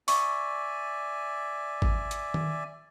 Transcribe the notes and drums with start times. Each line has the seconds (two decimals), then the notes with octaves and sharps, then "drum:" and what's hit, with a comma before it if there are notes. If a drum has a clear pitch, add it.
0.08 D5 E5 G#5 C#6, drum: open hi-hat
1.82 drum: kick G#1
2.11 drum: hi-hat
2.34 drum: tom D#3